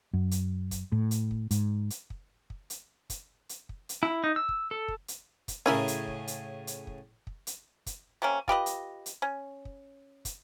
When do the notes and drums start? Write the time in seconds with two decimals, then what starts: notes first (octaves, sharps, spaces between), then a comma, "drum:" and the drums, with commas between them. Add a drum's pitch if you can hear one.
0.13 F#2
0.31 drum: hi-hat
0.71 drum: kick, hi-hat
0.92 A2
1.11 drum: hi-hat
1.31 drum: kick
1.51 G#2, drum: hi-hat
1.90 drum: hi-hat
2.10 drum: kick
2.50 drum: kick
2.70 drum: hi-hat
3.10 drum: kick, hi-hat
3.49 drum: hi-hat
3.69 drum: kick
3.89 drum: hi-hat
4.03 E4
4.24 D#4
4.36 E6
4.49 drum: kick
4.71 A4
4.88 drum: kick
5.08 drum: hi-hat
5.48 drum: kick, hi-hat
5.66 A2 C#3 C#4 E4 G#4 A#4
5.88 drum: hi-hat
6.08 drum: kick
6.28 drum: hi-hat
6.67 drum: hi-hat
6.87 drum: kick
7.27 drum: kick
7.47 drum: hi-hat
7.86 drum: kick, hi-hat
8.22 C3 A#3 C#4
8.48 F4 G4 B4 D#5, drum: kick
8.66 drum: hi-hat
9.06 drum: hi-hat
9.22 C#4
9.65 drum: kick
10.25 drum: kick, hi-hat